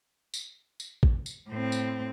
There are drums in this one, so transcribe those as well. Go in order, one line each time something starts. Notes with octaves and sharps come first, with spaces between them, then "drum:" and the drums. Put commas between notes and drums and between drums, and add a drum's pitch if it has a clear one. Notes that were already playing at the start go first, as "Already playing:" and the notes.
drum: tambourine
drum: tambourine
drum: kick A#1
drum: tambourine
A2 C4
drum: tambourine